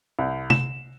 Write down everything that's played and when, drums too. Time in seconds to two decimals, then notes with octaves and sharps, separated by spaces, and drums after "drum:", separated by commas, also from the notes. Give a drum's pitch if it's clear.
0.19 C2
0.50 E7, drum: tom C3